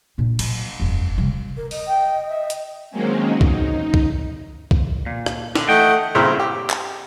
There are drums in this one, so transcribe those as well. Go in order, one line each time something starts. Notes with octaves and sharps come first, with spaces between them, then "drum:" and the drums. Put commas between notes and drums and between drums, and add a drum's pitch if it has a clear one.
A#2 D4
F#3, drum: cymbal
E1 F#2
C3 G3
A#4
D#5, drum: open hi-hat
G5
E5
drum: hi-hat
D#3 F#3 G#3 A#3 C4 C#4
D#4, drum: kick
drum: kick
drum: kick
A#2
drum: rim click
D3, drum: snare
E3 A3 D#5 F#5 G5
G2 A#2 C#3 C4 E4
G4
drum: clap